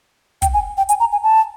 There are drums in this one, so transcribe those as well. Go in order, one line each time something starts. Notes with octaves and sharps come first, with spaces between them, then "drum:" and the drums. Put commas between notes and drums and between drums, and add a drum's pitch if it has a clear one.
G5, drum: kick, hi-hat
G#5
G5
G#5, drum: hi-hat
A#5
G#5
A5